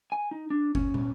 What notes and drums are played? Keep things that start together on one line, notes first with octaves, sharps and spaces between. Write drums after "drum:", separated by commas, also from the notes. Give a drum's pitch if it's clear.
G#5
D#4
D4
C#4, drum: kick F#1
drum: tom